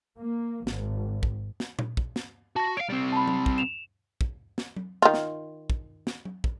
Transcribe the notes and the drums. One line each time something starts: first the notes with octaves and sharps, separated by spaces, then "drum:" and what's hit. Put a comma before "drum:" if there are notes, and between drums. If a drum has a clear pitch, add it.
A#3
G#1, drum: snare
drum: kick
drum: snare
drum: tom A#2
drum: kick
drum: snare
F#4 A5 A#6
C#5 F5 D7
G3 C4
A5 B5
drum: tom F#3
drum: kick
E7 F7
drum: kick
drum: snare
drum: tom F#3
D#3 F4
drum: snare
drum: kick
drum: snare
drum: tom F#3
drum: kick